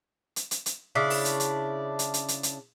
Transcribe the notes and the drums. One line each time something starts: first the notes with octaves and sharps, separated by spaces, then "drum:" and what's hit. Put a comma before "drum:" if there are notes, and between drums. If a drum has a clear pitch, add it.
drum: hi-hat
drum: hi-hat
drum: hi-hat
C#3 D4 E4
drum: open hi-hat
drum: hi-hat
drum: hi-hat
drum: hi-hat
drum: hi-hat
drum: hi-hat
drum: hi-hat